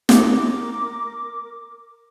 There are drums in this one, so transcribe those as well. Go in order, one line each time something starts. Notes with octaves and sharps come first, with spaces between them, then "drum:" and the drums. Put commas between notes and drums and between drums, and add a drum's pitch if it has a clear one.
A#4 D6, drum: snare